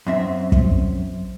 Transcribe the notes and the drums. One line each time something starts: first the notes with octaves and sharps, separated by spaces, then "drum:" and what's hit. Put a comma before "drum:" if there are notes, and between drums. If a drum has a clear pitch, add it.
F#2 C4 E5
drum: kick